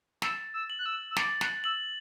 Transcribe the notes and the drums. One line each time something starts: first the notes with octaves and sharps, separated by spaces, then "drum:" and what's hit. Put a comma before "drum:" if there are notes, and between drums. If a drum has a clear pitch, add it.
E6 A6, drum: snare
E6
F#7
F#6
E6
E6
D6 A6, drum: snare
F#6, drum: snare
E6 F#7